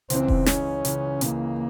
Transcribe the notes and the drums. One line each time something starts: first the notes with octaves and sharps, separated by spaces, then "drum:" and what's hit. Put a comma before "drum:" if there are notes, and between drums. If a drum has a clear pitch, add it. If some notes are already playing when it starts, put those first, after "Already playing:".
C#2 C#3 E3 C4, drum: hi-hat
drum: kick E1
C#2 C#3 E3 C#4, drum: snare
C#2 C#3 E3, drum: hi-hat
C#2 C#3 E3 A#3, drum: hi-hat